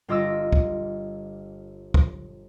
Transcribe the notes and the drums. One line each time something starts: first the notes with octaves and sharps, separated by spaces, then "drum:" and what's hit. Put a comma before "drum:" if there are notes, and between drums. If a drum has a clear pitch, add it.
G1 F4 D#5 D6 E6 A#6
drum: kick
drum: kick